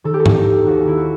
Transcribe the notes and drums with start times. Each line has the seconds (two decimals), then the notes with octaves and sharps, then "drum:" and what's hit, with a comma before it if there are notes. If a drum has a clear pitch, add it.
0.04 D#3 A4
0.14 G4
0.20 A4
0.26 D#2, drum: tom G#2
0.36 D#4
0.46 D#3
0.66 D#2 F#4
0.87 D#3 E4
0.97 F#4